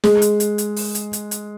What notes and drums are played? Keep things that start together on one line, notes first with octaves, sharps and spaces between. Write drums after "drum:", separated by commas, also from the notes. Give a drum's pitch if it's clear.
G#3, drum: snare
drum: hi-hat
drum: hi-hat
drum: hi-hat
drum: open hi-hat
drum: hi-hat
drum: hi-hat
drum: hi-hat